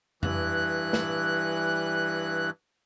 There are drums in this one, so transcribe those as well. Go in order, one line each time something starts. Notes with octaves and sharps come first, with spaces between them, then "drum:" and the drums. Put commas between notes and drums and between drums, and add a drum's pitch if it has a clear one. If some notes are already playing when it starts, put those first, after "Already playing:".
G2 E3 F#6, drum: tom F2
drum: snare